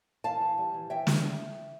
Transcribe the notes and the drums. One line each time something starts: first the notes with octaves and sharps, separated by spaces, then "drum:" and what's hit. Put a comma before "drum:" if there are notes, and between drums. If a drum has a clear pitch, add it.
E3 F5 A5
E3
G3
E3
E3 E5 G5
drum: snare